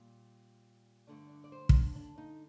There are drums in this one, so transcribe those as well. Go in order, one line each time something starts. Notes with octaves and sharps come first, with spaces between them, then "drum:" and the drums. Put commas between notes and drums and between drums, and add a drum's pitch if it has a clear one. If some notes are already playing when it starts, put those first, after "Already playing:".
Already playing: A#2 G3
G2 D3 A3 D4
D4
D5
C5
D#4, drum: kick
D4
D4
D#4